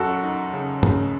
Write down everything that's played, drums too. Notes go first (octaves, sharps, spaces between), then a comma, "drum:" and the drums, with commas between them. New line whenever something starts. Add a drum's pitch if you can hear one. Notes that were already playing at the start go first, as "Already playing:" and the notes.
Already playing: F#2 F#4 A4
D#4
C#3
C#3, drum: tom